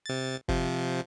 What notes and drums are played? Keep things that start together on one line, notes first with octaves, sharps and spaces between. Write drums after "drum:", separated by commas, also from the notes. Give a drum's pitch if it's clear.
C3 A6
C3 F3, drum: kick F#1